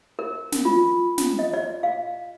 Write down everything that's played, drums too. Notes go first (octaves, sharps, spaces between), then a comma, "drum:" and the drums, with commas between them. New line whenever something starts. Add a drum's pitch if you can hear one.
A#4
drum: snare
F4
drum: snare
D#5
D5
F5